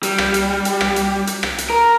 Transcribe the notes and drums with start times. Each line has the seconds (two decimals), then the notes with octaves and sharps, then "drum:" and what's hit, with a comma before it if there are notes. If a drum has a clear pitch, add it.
0.03 G3, drum: hi-hat
0.18 drum: rim click
0.34 drum: hi-hat
0.65 drum: hi-hat
0.81 drum: rim click
0.96 drum: hi-hat
1.27 drum: hi-hat
1.43 drum: rim click
1.58 drum: hi-hat
1.70 A#4